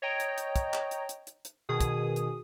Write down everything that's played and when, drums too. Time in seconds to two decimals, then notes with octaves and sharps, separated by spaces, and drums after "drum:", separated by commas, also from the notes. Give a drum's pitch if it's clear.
0.02 C#5 D#5 G5 A#5
0.20 drum: hi-hat
0.38 drum: hi-hat
0.56 drum: kick, hi-hat
0.73 drum: clap
0.91 drum: hi-hat
1.09 drum: hi-hat
1.27 drum: hi-hat
1.45 drum: hi-hat
1.69 B2 D#3 G#4 D#6
1.81 drum: kick, hi-hat
2.16 drum: hi-hat